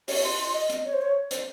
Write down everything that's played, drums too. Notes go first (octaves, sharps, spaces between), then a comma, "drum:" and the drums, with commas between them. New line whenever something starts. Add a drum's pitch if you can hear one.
C#5, drum: open hi-hat
C6
C6
D#5
D#5, drum: hi-hat
C#5
C5
C#5
C5, drum: hi-hat